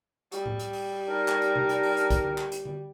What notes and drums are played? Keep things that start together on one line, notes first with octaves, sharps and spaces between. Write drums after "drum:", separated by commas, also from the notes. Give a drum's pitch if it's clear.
G3, drum: hi-hat
drum: tom A2
drum: hi-hat
drum: open hi-hat
D4 D#4 A#4
drum: clap
drum: hi-hat
drum: tom C3
drum: hi-hat
drum: open hi-hat
drum: hi-hat
drum: kick, hi-hat
drum: tom D3
drum: clap
drum: hi-hat
drum: tom D3